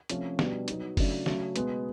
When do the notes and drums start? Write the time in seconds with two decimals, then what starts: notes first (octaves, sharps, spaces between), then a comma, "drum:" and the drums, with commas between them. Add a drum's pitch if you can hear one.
0.09 C3 F3 A3 C#4 F4, drum: hi-hat
0.39 B2 G3 B3 D4, drum: snare
0.68 F#3 B3 D#4, drum: hi-hat
0.97 C#3 F#3 A3 D4, drum: kick F#1, open hi-hat
1.26 C#3 F#3 A3 C#4, drum: snare
1.56 B2 G#3 B3, drum: hi-hat